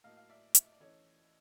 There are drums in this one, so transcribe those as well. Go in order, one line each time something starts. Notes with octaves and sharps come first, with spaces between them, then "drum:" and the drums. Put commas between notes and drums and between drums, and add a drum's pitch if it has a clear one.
A2 F#3 A#3 D#5 F5
F5
D5 E5
E5, drum: hi-hat
D#5
D5
E3 A3 C#4 C#5 D#5